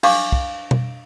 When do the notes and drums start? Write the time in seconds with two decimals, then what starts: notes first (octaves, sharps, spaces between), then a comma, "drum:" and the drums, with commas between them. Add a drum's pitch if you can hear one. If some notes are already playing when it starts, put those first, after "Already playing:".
0.03 D4 F5 C#6 D6, drum: cymbal
0.32 drum: kick
0.71 drum: tom B2